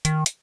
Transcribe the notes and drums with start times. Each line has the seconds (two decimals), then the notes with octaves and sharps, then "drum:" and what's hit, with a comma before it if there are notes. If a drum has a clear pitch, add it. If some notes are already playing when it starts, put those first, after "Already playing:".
0.05 D#3, drum: hi-hat
0.26 drum: hi-hat